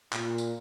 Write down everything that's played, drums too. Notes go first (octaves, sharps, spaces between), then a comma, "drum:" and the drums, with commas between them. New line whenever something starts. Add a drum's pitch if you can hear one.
A#2, drum: clap
drum: tambourine